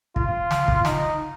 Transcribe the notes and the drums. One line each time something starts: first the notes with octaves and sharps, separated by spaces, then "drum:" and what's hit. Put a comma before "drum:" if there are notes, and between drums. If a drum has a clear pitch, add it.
F4, drum: kick
drum: snare
drum: kick
D#4, drum: snare